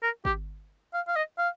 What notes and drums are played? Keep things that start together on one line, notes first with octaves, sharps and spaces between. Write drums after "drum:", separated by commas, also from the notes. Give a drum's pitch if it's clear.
A#4
G4, drum: kick
F5
F5
D#5
F5